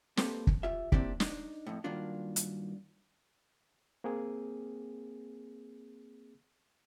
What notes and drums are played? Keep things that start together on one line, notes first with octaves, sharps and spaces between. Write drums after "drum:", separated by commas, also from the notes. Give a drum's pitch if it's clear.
A#3 C4 G4 A4 B4, drum: snare
drum: kick
F4 G4 E5
C3 A#3 C4 D4 E4 G4, drum: kick
D4 D#4, drum: snare
F2 A2
G2 D#3 F#3 A#3 D4 F4
drum: hi-hat
A#3 C4 G#4